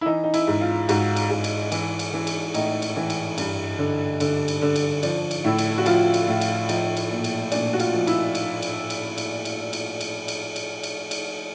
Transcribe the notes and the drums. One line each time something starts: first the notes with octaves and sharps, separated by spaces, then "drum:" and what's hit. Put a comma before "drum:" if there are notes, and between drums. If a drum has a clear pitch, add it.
E4
E3 D#4
D#4
E4, drum: cymbal
G#2
F4
G#2 F#4, drum: cymbal
drum: cymbal
G#2
drum: cymbal
E3, drum: cymbal
drum: cymbal
E3
drum: cymbal
A2 D#4, drum: cymbal
drum: cymbal
E3
drum: cymbal
G2, drum: cymbal
D3
D3, drum: cymbal
drum: cymbal
D3
drum: cymbal
F3 D4, drum: cymbal
drum: cymbal
A2 E4
drum: cymbal
F#4
F3 F4, drum: cymbal
drum: cymbal
A2
drum: cymbal
F3 D#4, drum: cymbal
drum: cymbal
A#2
drum: cymbal
A#2 D4, drum: cymbal
F#4
F4, drum: cymbal
F3
E4, drum: cymbal
drum: cymbal
drum: cymbal
drum: cymbal
drum: cymbal
drum: cymbal
drum: cymbal
drum: cymbal
drum: cymbal
drum: cymbal
drum: cymbal
drum: cymbal